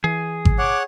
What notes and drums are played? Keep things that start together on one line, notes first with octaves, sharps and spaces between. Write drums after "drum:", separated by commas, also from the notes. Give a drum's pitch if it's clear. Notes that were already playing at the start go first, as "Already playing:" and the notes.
E3 G#4
drum: kick G#1
C#5 F#5 D6